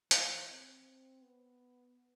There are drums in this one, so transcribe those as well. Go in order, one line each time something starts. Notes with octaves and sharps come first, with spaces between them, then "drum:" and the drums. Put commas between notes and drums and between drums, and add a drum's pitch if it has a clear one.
E3, drum: hi-hat
C4
B3